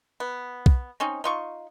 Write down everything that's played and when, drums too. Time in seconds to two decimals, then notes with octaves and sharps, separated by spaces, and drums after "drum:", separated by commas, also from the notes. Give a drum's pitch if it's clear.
0.20 B3
0.66 drum: kick
1.00 C4 C#4 D#4
1.24 D#4 F4 C#6